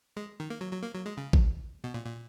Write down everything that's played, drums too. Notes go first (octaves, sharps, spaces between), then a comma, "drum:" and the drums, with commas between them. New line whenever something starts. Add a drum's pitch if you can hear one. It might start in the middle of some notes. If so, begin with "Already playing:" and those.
G#3
D#3
A#3
F#3
F#3
A#3
F#3
G#3
C#3
drum: kick A1
B2
A#2
A#2